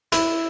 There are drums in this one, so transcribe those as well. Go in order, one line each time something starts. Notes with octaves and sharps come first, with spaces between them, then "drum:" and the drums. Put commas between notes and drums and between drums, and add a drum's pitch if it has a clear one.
E4, drum: hi-hat